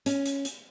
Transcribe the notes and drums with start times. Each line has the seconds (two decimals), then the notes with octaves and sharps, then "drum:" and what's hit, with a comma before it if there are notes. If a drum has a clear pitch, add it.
0.06 C#4, drum: hi-hat
0.26 drum: hi-hat
0.45 drum: hi-hat